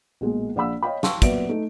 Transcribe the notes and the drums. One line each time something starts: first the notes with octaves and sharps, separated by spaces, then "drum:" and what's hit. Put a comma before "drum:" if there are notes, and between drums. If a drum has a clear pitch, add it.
B1 A#2 G#3
A#1 D5 F5 F#5 B5 E6
C#5 D#5 F5 G5 B5
F5 G5 A5 C6 C#6 E6, drum: snare
A#2 F#3 B3 D5 E5 D7, drum: kick, hi-hat
A3 D#4 A4